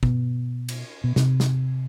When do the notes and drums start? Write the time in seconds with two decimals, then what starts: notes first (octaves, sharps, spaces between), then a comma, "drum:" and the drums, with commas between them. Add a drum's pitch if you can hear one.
0.03 B2, drum: kick
0.68 drum: cymbal
1.04 B2
1.16 C3, drum: snare
1.40 drum: snare